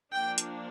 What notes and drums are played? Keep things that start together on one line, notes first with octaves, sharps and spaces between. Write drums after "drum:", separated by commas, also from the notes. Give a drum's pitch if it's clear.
F3 A#3 D4 G5
drum: hi-hat